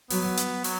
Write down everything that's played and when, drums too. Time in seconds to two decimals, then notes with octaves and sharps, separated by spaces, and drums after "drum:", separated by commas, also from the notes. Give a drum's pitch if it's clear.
0.10 F#3 B3, drum: open hi-hat
0.37 drum: hi-hat
0.64 F#3, drum: open hi-hat